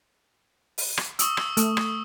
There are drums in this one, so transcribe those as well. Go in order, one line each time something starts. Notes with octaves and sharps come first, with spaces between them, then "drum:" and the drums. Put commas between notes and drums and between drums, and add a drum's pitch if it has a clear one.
drum: open hi-hat
drum: rim click
C#6 D#6 E6, drum: hi-hat
drum: rim click
A3, drum: hi-hat
drum: rim click